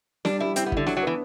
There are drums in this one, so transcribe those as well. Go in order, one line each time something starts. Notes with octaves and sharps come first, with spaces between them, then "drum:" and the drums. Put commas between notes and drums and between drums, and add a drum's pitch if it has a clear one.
G3 D4, drum: snare
G3 E4
C4 E4, drum: hi-hat
B3
D3 E4, drum: kick
F#3 D4, drum: snare
F#3
E3 B3